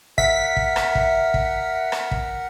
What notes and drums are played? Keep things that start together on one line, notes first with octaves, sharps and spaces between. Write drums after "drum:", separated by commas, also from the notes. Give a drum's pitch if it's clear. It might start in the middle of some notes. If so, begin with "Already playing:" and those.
A#4 E5 F#5 B6, drum: kick
drum: kick
drum: rim click
drum: kick
drum: kick
drum: rim click
drum: kick